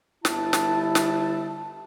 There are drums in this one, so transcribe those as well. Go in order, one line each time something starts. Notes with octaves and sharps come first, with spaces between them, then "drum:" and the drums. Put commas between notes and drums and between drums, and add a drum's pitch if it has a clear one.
G1 E4 A5, drum: snare
drum: snare
drum: snare